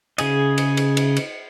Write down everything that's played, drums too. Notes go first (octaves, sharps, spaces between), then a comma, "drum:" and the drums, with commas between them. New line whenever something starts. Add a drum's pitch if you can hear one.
C#3 G#4 D#5, drum: cymbal
drum: cymbal
drum: cymbal
drum: cymbal
drum: cymbal